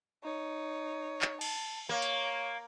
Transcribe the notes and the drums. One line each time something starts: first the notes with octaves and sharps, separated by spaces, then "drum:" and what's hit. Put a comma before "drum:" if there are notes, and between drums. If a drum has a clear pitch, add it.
D#4 C#5
drum: clap
A5, drum: cymbal
A#3 C#5
drum: hi-hat